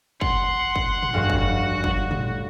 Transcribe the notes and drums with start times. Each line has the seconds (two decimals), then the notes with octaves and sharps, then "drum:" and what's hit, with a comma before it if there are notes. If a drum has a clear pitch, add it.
0.21 F#5 C6, drum: kick
0.76 drum: kick
1.03 drum: tom
1.14 F1 G2 F#4 F5
1.30 drum: kick
1.84 drum: kick
2.11 drum: tom